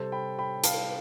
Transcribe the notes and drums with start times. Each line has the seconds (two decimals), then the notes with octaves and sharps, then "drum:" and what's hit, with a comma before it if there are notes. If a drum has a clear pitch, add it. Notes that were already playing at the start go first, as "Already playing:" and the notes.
Already playing: C3 G3 A4 C5
0.12 G5 B5
0.39 G5 B5
0.64 F5 A5, drum: hi-hat